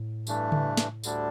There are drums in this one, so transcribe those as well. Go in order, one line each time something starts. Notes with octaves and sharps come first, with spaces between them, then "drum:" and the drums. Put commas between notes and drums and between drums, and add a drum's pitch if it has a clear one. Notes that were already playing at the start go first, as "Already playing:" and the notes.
Already playing: A2
G2 E3 A3 D4, drum: tambourine
drum: tom C#3
drum: snare
D2 D3 G3 D4, drum: tambourine